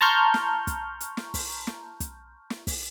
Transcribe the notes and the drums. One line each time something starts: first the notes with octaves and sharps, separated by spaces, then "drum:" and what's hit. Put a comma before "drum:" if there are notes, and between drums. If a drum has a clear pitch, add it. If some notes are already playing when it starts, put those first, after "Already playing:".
A5 A#5 C6 C#6 F6 G6
drum: snare
drum: kick, hi-hat
drum: hi-hat
drum: snare
drum: kick, open hi-hat
drum: snare
drum: kick, hi-hat
drum: snare
drum: kick, open hi-hat